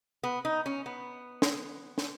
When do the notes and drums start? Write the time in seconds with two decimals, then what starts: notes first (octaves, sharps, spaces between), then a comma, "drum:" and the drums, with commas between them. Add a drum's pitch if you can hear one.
0.23 B3
0.45 D#4
0.66 C#4
0.86 B3
1.42 drum: snare
1.98 drum: snare